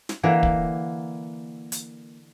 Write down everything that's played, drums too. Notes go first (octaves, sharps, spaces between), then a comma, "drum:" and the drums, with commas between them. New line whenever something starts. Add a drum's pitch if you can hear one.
drum: snare
D3 E3 A#3 A#4
drum: kick
drum: hi-hat